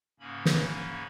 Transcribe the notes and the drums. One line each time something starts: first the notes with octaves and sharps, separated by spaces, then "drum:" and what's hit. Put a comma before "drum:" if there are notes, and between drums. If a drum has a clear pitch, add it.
G#2 C#3 A#3 C#4 B5
drum: snare